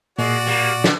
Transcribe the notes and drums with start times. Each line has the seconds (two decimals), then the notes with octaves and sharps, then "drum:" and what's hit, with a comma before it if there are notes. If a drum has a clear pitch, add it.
0.19 A#2 G#3 F#4 D5
0.46 G3 A#3
0.84 D3, drum: snare